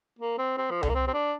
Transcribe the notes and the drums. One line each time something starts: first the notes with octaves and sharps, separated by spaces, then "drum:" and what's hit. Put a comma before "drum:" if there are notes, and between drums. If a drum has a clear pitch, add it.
A#3
C4
C4
F3
D3, drum: tom C2
A#3
C4
C4
D4